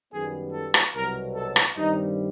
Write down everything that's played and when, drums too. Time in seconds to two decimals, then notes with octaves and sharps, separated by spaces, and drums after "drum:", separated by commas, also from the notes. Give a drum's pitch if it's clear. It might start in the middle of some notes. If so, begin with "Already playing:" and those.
0.12 F#2 D#3 G3 B3 G#4
0.53 A4
0.74 drum: rim click
0.95 C2 B2 F#3 A#4
1.36 A4
1.56 drum: rim click
1.76 G2 D#3 G3 C4 D#4